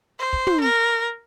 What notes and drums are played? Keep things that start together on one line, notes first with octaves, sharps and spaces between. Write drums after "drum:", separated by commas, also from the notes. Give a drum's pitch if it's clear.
C5
drum: kick
drum: tom
A#4